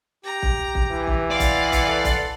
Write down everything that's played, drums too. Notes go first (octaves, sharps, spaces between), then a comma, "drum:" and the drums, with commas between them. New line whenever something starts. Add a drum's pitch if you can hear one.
G4 A#5
drum: kick
drum: kick
E3
drum: kick
D5 F5 F#5 C6
drum: kick, hi-hat
drum: kick, hi-hat
A4 C6
drum: kick, hi-hat